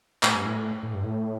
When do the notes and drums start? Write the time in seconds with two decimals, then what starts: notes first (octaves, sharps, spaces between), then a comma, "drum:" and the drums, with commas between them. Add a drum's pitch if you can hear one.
0.23 A2, drum: clap
0.35 G2
0.45 A2
0.83 A2
0.94 G2
1.04 A2